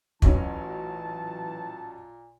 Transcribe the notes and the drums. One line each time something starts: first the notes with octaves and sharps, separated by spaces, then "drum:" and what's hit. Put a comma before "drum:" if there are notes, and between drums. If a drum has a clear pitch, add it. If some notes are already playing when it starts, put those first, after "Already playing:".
A1 A#2 E3 F#3 C#4 A5, drum: kick